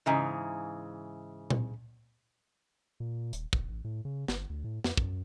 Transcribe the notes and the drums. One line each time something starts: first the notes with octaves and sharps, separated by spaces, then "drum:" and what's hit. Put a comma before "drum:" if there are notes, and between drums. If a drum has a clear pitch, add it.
G#2 C#3 E3
drum: tom A#2
A#2
D#1, drum: hi-hat
D#1, drum: kick
A1
A2
C#3
G1, drum: snare
D2
A2
F2, drum: snare
F#2, drum: kick